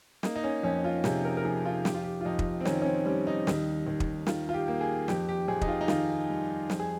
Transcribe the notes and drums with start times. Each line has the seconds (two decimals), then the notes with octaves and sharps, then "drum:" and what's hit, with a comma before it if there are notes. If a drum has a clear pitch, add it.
0.23 A#3 D#4, drum: snare
0.36 D#4
0.44 C#4
0.63 F2 C#4
0.84 F4
1.04 C3 G#4, drum: snare
1.25 A#4
1.37 A#4
1.45 F3 G#4
1.65 F4
1.85 F2 G4, drum: snare
1.94 F4
2.04 G4
2.21 F4
2.25 F2 D#4
2.39 drum: kick
2.60 C4
2.65 D#3 C#4, drum: snare
2.82 C#4
2.86 C4
3.06 G3 C#4
3.27 D#4
3.47 D#2, drum: snare
3.87 D#2
4.00 drum: kick
4.27 D#3 F4, drum: snare
4.49 F4
4.54 G4
4.68 A#3
4.81 G#4
5.08 F2 G4, drum: snare
5.29 G4
5.48 F2 G#4
5.61 D#4, drum: kick
5.68 F4
5.81 D#4
5.88 D#3 F4, drum: snare
6.29 G3
6.70 F2, drum: snare
6.80 G#4